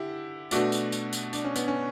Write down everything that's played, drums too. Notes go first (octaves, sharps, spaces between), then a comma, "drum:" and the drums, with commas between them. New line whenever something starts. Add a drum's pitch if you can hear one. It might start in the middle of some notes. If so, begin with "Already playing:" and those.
Already playing: D3 E4 G4
B2 A3 D4 F#4, drum: tambourine
drum: tambourine
drum: tambourine
drum: tambourine
D4, drum: tambourine
C#4
B3, drum: tambourine
C#4